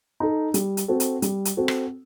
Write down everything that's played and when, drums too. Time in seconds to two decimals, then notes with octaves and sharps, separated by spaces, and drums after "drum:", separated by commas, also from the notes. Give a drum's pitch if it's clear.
0.20 D#4 A4
0.54 G3, drum: hi-hat
0.77 drum: hi-hat
0.88 C4 F#4 A4
1.00 drum: hi-hat
1.22 G3, drum: hi-hat
1.45 drum: hi-hat
1.57 C4 F#4 A4
1.68 drum: rim click